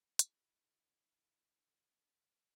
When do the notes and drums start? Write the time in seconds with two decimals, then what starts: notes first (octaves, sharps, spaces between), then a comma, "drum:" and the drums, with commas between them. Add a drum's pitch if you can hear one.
0.19 D3 E4 F#4 G#4 C#6, drum: hi-hat